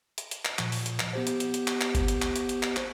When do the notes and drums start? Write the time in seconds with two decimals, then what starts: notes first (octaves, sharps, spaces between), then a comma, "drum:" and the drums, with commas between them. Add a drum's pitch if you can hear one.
0.18 drum: hi-hat
0.31 drum: hi-hat
0.45 drum: clap
0.59 A#2 F3, drum: clap
0.72 drum: open hi-hat
0.86 drum: hi-hat
0.99 drum: clap
1.13 B3 G4 C5
1.27 drum: hi-hat
1.40 drum: hi-hat
1.54 drum: hi-hat
1.68 drum: clap
1.81 drum: clap
1.95 drum: kick G1, hi-hat
2.08 drum: hi-hat
2.22 drum: clap
2.36 drum: hi-hat
2.49 drum: hi-hat
2.63 drum: clap
2.76 drum: clap